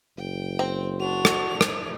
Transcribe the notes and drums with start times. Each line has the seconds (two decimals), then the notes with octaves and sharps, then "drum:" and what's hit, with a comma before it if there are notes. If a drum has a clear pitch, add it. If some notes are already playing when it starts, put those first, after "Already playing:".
0.17 F#1 G5
0.59 C4
1.00 D4 F#4 F7
1.25 drum: rim click
1.61 drum: rim click